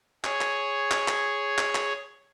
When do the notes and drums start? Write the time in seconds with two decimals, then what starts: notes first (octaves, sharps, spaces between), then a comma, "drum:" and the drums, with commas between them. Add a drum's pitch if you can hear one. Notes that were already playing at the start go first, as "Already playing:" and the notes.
0.24 G#4 C#5, drum: clap
0.41 drum: clap
0.91 drum: clap
1.08 drum: clap
1.58 drum: clap
1.75 drum: clap